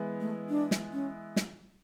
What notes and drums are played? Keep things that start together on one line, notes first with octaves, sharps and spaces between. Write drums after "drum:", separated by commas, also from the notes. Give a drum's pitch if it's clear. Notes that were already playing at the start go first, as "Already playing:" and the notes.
Already playing: E3 G#3 B3 E4
A3
D4
drum: snare
C#4
drum: snare